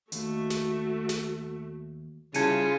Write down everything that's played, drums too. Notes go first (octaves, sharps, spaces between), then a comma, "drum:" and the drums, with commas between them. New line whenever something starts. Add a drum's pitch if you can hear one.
D#2 A3 F#4, drum: hi-hat
drum: snare
drum: snare
C#3 G3 E4 F4 A5 G#6 C#7 D#7, drum: hi-hat